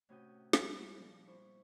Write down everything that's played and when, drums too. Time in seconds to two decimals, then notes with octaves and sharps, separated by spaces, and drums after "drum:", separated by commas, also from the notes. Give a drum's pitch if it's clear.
0.09 A2 C3 C#4 F#4 D#6 G6
0.53 G3 G#3 B3, drum: snare
0.96 A#2 F3
1.27 E4 C5 C#6